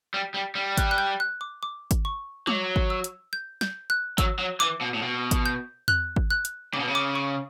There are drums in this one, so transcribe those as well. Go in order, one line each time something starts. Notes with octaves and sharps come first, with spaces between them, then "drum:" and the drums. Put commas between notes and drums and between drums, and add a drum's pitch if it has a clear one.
G3
G3
G3
F#6, drum: kick G#1, hi-hat
F#6
G6
F#6
D6
D6
drum: kick G#1, hi-hat
C#6
F#3 D6, drum: tom G3
drum: kick G#1
E6
drum: hi-hat
G6
G6, drum: snare
F#6
F#3 E6, drum: kick G#1, hi-hat
F#3
E3 D6
B2
A2
B2
drum: kick G#1, hi-hat
G6
F#6, drum: tom E2
drum: kick G#1
F#6
drum: hi-hat
C#3 D6
B2
C#3
D6
C#6